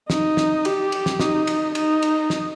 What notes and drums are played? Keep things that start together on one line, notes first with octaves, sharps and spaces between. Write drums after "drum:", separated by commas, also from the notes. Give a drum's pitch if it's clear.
D#4, drum: snare
drum: snare
G4, drum: cymbal
drum: cymbal
drum: snare
D#4, drum: snare
drum: cymbal
D#4, drum: cymbal
drum: cymbal
drum: snare